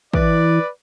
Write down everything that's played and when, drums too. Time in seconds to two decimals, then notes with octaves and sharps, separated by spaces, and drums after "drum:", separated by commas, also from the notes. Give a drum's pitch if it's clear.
0.13 E3 B4 D5, drum: kick